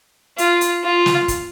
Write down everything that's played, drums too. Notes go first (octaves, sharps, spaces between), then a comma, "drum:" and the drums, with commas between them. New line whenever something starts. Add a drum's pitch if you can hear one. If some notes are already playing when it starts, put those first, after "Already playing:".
F4, drum: hi-hat
drum: hi-hat
F4
drum: snare
drum: kick, hi-hat